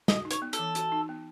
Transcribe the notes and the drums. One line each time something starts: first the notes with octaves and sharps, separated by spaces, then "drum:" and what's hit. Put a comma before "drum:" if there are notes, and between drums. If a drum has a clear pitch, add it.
F#4 D#5, drum: snare
D#4
C#5, drum: hi-hat
B3
A4, drum: hi-hat
E3
F#4, drum: hi-hat
D#4
B3